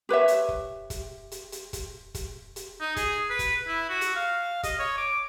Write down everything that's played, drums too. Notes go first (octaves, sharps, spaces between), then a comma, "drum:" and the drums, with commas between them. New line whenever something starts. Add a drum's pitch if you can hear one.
G4 B4 C#5 E5
drum: hi-hat
drum: kick
drum: kick, hi-hat
drum: hi-hat
drum: hi-hat
drum: kick, hi-hat
drum: kick, hi-hat
drum: hi-hat
D#4
G#4, drum: kick, hi-hat
B4
drum: kick, hi-hat
E4
F#4
drum: hi-hat
F5
D#5, drum: kick, hi-hat
C#5
D6